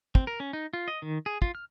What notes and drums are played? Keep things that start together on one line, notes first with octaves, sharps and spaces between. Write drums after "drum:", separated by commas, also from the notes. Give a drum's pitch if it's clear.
C4, drum: kick
A#4
C#4
D#4
F4
D#5
D#3
G#4
F4, drum: kick
F6